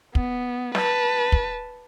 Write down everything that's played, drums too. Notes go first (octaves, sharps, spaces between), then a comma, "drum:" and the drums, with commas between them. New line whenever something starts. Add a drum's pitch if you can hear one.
B3, drum: kick
B4 A5, drum: snare
drum: kick